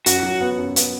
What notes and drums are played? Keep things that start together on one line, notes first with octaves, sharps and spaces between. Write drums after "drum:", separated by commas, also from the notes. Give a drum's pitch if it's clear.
F#2 F#4, drum: hi-hat
F#3
B3
F#2
B3, drum: hi-hat